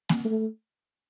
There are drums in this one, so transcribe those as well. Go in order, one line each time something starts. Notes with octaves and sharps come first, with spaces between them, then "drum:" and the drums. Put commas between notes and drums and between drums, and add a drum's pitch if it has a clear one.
drum: snare A#3
A3